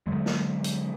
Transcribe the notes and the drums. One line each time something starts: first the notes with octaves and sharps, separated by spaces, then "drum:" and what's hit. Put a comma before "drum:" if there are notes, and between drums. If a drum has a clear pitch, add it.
D3 F#3 G#3
drum: snare
drum: hi-hat